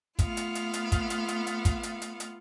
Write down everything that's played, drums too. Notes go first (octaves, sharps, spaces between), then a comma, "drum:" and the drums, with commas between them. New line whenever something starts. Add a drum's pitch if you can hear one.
A3 B3 F4 F5 F#5, drum: kick, hi-hat
drum: hi-hat
drum: hi-hat
drum: hi-hat
drum: kick, hi-hat
drum: hi-hat
drum: hi-hat
drum: hi-hat
drum: kick, hi-hat
drum: hi-hat
drum: hi-hat
drum: hi-hat